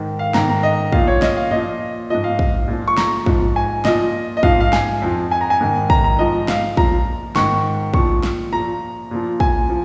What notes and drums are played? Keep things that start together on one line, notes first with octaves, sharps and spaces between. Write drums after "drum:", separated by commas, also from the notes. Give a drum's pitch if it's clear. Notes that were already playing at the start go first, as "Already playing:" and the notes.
Already playing: G#2 D#3
F5
G#2 D#3 A#5, drum: snare
A#5
D#5
A#2 F3 F5, drum: kick
C#5
D#5, drum: snare
F5
A#2 F3 D#5
G#2 F3 D#5
F5
drum: kick
A#2 F3
C#6
A#5, drum: snare
G#2 F3, drum: kick
G#5
A#2 F3 D#5, drum: snare
D#5
G#2 F3 F5, drum: kick
F5
G#5, drum: snare
F2 F3
G#5
A#5
G#5
G#2 D#3
A#5, drum: kick
A#5
G#2 F3 D#5
F5, drum: snare
A#2 F3 A#5, drum: kick
G#2 D#3 C#6, drum: snare
A#2 F3 C#6, drum: kick
drum: snare
A#2 F3 A#5
A#2 F3
G#5, drum: kick
F3